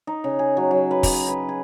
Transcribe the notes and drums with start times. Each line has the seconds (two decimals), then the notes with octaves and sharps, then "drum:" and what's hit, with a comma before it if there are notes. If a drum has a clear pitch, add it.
0.07 D#4
0.24 C#3
0.39 G#4
0.57 F#3
0.71 F#3
0.91 B4
1.03 A#5, drum: kick, open hi-hat
1.28 B4
1.49 G#4